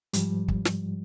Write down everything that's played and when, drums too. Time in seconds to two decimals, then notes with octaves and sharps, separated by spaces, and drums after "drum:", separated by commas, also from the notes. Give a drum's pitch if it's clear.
0.13 G#2 F3 G3, drum: hi-hat
0.48 drum: kick
0.65 drum: snare